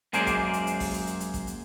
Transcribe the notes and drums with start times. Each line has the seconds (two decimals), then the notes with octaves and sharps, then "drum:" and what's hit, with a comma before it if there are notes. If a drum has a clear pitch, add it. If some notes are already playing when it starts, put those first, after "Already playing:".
0.13 F#2 G#3 A#3 G#4 C5 D5, drum: hi-hat
0.27 drum: kick A1, hi-hat
0.53 drum: hi-hat
0.67 drum: hi-hat
0.80 drum: kick A1, open hi-hat
0.94 drum: hi-hat
1.07 drum: hi-hat
1.20 drum: hi-hat
1.34 drum: kick A1, hi-hat
1.47 drum: hi-hat